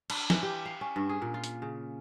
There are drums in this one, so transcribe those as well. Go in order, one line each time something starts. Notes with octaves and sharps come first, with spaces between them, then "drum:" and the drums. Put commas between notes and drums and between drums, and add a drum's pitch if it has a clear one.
D4, drum: cymbal
E3, drum: snare
G4
F5
C#4
G2
G#4
A#2
F4
drum: hi-hat
C#3